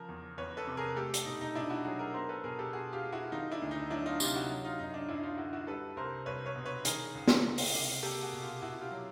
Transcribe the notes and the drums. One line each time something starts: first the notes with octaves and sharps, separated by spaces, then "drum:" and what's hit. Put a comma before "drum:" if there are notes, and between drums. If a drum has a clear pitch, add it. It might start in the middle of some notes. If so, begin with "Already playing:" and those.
Already playing: C#3 F3 A#4
E2
E2 B4 C#5
A4 B4
C3
G#4 A#4
A3 G4 A4
drum: hi-hat
B2 D#4
D#4
B2 D4 E4
E4 F#4
F#3 F#4 G#4
G#4 A#4
B3 A#4 C5
A4 B4
B2 G#4 A#4
G4 A4
B2 F#4 G#4
F4 G4
G#3
E4 F#4
D#3 D#4 F4
D4 E4
D2
D#4
F#3 D4 E4
D#4 F4
C3 F4 G4, drum: tambourine
E4 F#4
F#3
D#4 F4
F#2 D#4
D4
F#2 D4 E4
D#4 F4
D3 E4 F#4
E4 F#4
G3 A4 B4
C2 A#4 C5
C2 B4 C#5
B4 C#5
B2
B4 C#5
D#3 G#4 A#4, drum: hi-hat
C#2
drum: snare
G#3
drum: open hi-hat
C3
A#3 G4 A4
F#4 G#4
B2
F4 G4
B2 E4 F#4
F4 G4
F#3